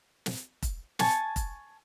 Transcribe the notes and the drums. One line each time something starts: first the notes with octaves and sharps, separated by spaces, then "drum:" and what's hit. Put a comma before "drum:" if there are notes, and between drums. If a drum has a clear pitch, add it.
drum: snare
drum: kick F1, hi-hat
G#5 A5 C#6, drum: snare
drum: kick F1, hi-hat